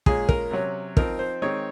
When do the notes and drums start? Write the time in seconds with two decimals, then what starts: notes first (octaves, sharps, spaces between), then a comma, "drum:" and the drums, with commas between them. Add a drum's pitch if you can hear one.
0.06 A#2 G#3 C#4 G#4, drum: kick
0.29 A#4, drum: kick
0.51 C3 F#3 C#4
0.97 F3 C4 D#4 A#4, drum: kick
1.19 C5
1.42 D#3 G#3 C4 D#4 C#5